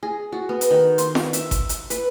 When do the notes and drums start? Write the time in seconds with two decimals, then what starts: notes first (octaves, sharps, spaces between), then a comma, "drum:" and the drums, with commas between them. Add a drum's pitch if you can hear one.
0.03 G#4
0.32 F#4
0.49 B3
0.61 drum: hi-hat
0.71 D#3
0.98 C6, drum: hi-hat
1.15 drum: snare
1.33 E5, drum: hi-hat
1.51 drum: kick G1, hi-hat
1.69 drum: hi-hat
1.90 B4, drum: hi-hat